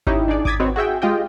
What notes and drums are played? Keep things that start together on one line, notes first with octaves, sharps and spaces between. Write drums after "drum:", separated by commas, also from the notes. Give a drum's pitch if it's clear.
C#4 D#4 E4 G4, drum: kick G#1
D4 D#4 G#4 D5
D6 D#6 G#6 A6 B6, drum: kick G#1
C4 D#4 F#4 B4 C#5
F#4 G#4 E5 G5
G#3 F4 G4 D#5 G5